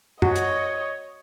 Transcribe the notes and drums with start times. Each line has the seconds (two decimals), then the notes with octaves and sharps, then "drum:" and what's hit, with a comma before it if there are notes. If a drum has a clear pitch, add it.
0.22 F#4 C#5 D#5, drum: tom F#2
0.36 drum: hi-hat